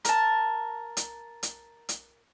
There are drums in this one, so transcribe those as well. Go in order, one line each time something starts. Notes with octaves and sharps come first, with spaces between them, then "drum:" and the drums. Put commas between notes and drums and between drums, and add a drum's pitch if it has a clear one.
A#4 A5, drum: hi-hat
drum: hi-hat
drum: hi-hat
drum: hi-hat